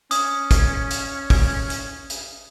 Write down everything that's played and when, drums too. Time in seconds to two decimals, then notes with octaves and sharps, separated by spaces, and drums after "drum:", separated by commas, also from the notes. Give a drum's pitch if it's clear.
0.11 C#4 D#6, drum: hi-hat
0.51 drum: kick, hi-hat
0.90 drum: hi-hat
1.30 drum: kick, open hi-hat
1.70 drum: hi-hat
2.10 drum: hi-hat